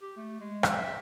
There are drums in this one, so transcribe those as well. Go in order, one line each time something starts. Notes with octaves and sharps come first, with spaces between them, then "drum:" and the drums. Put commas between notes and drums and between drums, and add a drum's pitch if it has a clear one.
G4
A3
G#3
drum: rim click
E5